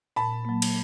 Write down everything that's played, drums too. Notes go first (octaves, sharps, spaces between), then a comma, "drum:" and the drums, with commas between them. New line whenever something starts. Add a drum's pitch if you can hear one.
A#2 A5 B5
F#3 A#3
drum: cymbal